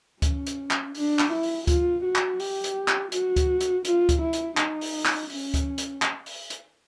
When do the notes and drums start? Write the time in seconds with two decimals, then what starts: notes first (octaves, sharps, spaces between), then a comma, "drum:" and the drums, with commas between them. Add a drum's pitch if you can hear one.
0.22 C#4, drum: kick D2, hi-hat
0.47 drum: hi-hat
0.71 drum: clap
0.95 D4, drum: open hi-hat
1.19 drum: clap
1.31 E4
1.43 drum: open hi-hat
1.67 F4, drum: kick D2, hi-hat
2.04 F#4
2.16 drum: clap
2.40 G4, drum: open hi-hat
2.64 drum: hi-hat
2.88 drum: clap
3.12 F#4, drum: hi-hat
3.36 drum: kick D2, hi-hat
3.61 drum: hi-hat
3.85 F4, drum: hi-hat
4.09 drum: kick D2, hi-hat
4.21 E4
4.33 drum: hi-hat
4.57 D#4, drum: clap
4.81 drum: open hi-hat
5.05 drum: clap
5.30 C#4, drum: open hi-hat
5.54 drum: kick D2, hi-hat
5.78 drum: hi-hat
6.02 drum: clap
6.26 drum: open hi-hat
6.50 drum: hi-hat